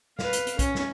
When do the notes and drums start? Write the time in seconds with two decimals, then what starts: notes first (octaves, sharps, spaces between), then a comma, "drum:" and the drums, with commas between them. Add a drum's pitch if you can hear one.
0.19 B4 F5, drum: snare
0.33 drum: hi-hat
0.47 drum: hi-hat
0.59 C#4, drum: kick, hi-hat
0.75 drum: snare